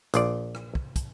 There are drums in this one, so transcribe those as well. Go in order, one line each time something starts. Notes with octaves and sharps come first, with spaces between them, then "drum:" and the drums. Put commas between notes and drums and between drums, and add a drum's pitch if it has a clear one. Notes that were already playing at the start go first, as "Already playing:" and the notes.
A#1 F4 D5, drum: hi-hat
drum: rim click
drum: kick
drum: kick, hi-hat